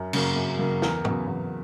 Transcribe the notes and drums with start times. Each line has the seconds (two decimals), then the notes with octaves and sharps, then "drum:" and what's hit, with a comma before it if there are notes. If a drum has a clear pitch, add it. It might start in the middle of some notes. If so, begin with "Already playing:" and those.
Already playing: F#2
0.13 C#3 F#3 A#3, drum: cymbal
0.36 F#2
0.59 C#3 F#3 A#3
0.82 E2 A#4, drum: snare
1.05 C#3 F#3 B3, drum: tom
1.28 E2